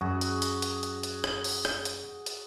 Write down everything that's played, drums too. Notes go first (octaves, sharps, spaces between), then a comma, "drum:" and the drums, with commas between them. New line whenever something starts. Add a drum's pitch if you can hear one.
F#2 F#4 G#4
drum: hi-hat
drum: hi-hat
drum: hi-hat
drum: hi-hat
drum: hi-hat
drum: rim click
drum: open hi-hat
drum: rim click
drum: hi-hat
drum: hi-hat